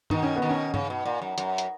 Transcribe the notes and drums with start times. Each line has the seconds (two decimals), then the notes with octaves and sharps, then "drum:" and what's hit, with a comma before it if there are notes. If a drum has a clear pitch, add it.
0.10 B2 D#3 D#4, drum: tom G2
0.23 C#4
0.36 B3
0.42 B2 D#3
0.49 C#4
0.74 C#3, drum: tom G2
0.90 B2
1.05 A#2
1.22 F#2
1.38 F#2, drum: hi-hat
1.58 drum: hi-hat